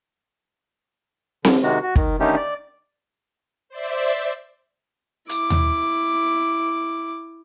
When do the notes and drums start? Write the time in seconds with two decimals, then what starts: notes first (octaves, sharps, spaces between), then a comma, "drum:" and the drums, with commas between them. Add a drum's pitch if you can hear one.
1.45 D3, drum: snare C4
1.63 C3 D#3 G#3 F#4
1.82 F#4
1.96 D#3, drum: kick
2.20 D3 D#3 A3 C#4 D#4 G4
2.36 D5
3.69 C5 D5 E5
5.29 E4 D6, drum: hi-hat
5.50 drum: tom D#2